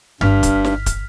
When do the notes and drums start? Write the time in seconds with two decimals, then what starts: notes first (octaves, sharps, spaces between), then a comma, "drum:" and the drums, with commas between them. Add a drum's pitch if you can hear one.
0.21 G1 G2 F6 B6, drum: tom G2
0.43 drum: kick, hi-hat
0.65 drum: snare
0.86 drum: kick, hi-hat